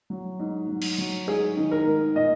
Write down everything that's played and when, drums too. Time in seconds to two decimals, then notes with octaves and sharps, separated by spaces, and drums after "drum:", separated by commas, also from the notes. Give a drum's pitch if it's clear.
0.10 F#3
0.39 G#2
0.69 F#3
0.82 drum: cymbal
0.98 F#3
1.27 G#2 G#4
1.57 D#3
1.71 A#4
1.86 G#2
2.15 A#2 D#5